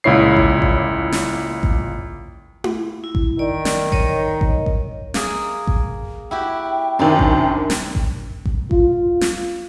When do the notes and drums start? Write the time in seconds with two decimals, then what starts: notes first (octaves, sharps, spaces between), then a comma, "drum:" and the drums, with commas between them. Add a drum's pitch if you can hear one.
0.04 C#2 A#2 E4 C#5 C7
0.37 drum: kick A1
0.62 drum: kick A1
1.12 drum: snare
1.63 drum: kick A1
2.64 drum: tom E4
3.04 E4
3.15 drum: kick A1
3.39 D#3 D5
3.65 drum: snare
3.92 A#4 C#5 D#5, drum: kick A1
4.41 drum: kick A1
4.66 drum: kick A1
5.14 A#3 G#4, drum: snare
5.67 drum: kick A1
6.31 E4 F#4 G4 G5
6.99 F#2 C3 D#3 D4
7.19 drum: kick A1
7.70 drum: snare
7.95 drum: kick A1
8.46 drum: kick A1
8.71 F4, drum: kick A1
9.21 drum: snare